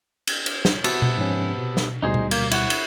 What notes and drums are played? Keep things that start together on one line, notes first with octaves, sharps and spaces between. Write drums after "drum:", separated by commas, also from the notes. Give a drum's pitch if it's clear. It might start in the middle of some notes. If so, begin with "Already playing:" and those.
drum: cymbal
drum: cymbal
drum: snare
C3 B3 F#4 A4, drum: cymbal
drum: tom B2
G#2 F3 C#4
B2
drum: snare
D2 B2 G3 D#4 G#4 C5
drum: tom B2
A#3, drum: cymbal
E4 F#4 F#5, drum: cymbal
drum: cymbal